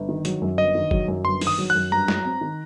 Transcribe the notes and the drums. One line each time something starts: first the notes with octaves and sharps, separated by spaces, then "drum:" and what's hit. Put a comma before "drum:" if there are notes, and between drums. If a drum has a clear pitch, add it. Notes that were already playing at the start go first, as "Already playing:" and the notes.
Already playing: G1
D#3
F#3, drum: hi-hat
F#2
G1 D#5
D#3
F#3, drum: kick G1
F#2
G1 C6
D#3, drum: open hi-hat
D#6
F#3
F#2 F#6
G2 A#5
F#3, drum: snare G#3
C4
D#3